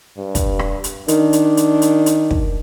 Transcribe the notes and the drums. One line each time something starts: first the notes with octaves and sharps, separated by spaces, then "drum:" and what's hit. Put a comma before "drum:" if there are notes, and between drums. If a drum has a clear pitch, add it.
G2
drum: kick, hi-hat
drum: rim click
drum: hi-hat
D#3 D4, drum: hi-hat
drum: hi-hat
drum: hi-hat
drum: hi-hat
drum: hi-hat
drum: kick